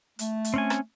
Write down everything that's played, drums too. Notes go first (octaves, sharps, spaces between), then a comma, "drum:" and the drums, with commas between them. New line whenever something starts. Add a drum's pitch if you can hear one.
A3, drum: hi-hat
drum: hi-hat
C4 C#4 G#5
drum: rim click